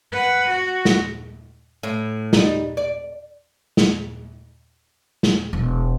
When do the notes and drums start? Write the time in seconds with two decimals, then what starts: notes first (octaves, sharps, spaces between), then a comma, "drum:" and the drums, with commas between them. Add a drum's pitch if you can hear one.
0.12 B4 F#5
0.50 F#4
0.85 drum: snare
1.83 A2
2.33 G3 D#4, drum: snare
2.77 D5
3.77 drum: snare
5.23 drum: snare
5.53 E1